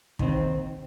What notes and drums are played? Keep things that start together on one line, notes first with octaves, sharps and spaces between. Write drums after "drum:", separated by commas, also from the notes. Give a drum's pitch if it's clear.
D#2 D#3 C4, drum: kick